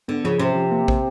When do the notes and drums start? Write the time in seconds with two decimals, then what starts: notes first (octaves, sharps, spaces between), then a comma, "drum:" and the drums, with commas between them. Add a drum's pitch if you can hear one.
0.08 D3 B3
0.24 C#3 F3
0.39 C3 C#4
0.56 F3
0.72 A#3
0.88 C5, drum: kick